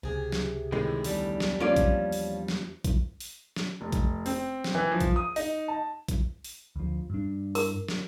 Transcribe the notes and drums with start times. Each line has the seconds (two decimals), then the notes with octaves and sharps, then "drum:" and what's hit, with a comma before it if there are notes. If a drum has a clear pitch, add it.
0.03 C#2 C3 G#4
0.32 drum: snare
0.72 A2 C3 D#3 E3 G#3 E4
1.04 E2 G3 D4, drum: open hi-hat
1.40 drum: snare
1.60 F3 A#3 C#4 F4 D5
1.76 drum: kick A#1, hi-hat
2.12 drum: open hi-hat
2.48 drum: snare
2.84 drum: kick A#1, hi-hat
3.20 drum: open hi-hat
3.56 drum: snare
3.81 F1
3.92 drum: kick A#1, hi-hat
4.26 C4, drum: open hi-hat
4.64 drum: snare
4.75 E3
4.91 F3
5.00 drum: kick A#1, hi-hat
5.16 D#6
5.36 D#4, drum: open hi-hat
5.68 A5
6.08 drum: kick A#1, hi-hat
6.44 drum: open hi-hat
6.76 D2 F3
7.10 G2 D4
7.55 A#4, drum: open hi-hat
7.88 drum: snare